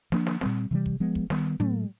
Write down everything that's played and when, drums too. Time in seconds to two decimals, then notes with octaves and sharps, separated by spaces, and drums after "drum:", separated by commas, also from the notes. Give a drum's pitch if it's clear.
0.12 F3 A#3 D4, drum: snare
0.27 drum: snare
0.41 A#2 G3 C4, drum: snare
0.71 C3 E3 G3
0.86 drum: kick
1.00 F3 G#3 B3
1.15 drum: kick
1.30 D#3 G3 B3, drum: snare
1.60 A2 F#3 A3, drum: tom